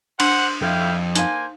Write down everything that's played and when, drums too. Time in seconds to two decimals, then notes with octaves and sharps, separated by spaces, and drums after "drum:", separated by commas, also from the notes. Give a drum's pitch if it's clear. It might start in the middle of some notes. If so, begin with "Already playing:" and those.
0.20 D4 C5 F#5 C6 D6, drum: cymbal
0.62 F2 E4 A4 E5 F5 G5
1.15 A#3 D#4 C5 F5 G#5, drum: hi-hat